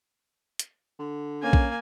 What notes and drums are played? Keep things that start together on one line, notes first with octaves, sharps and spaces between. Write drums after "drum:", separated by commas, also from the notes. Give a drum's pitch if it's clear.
drum: hi-hat
D3
A#3 C#4 G#5
drum: kick A#1